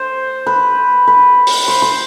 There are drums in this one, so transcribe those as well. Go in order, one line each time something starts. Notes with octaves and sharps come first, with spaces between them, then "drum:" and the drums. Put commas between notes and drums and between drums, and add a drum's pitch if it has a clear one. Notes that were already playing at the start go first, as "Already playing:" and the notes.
Already playing: C5
B4
B4
drum: open hi-hat
C5
C5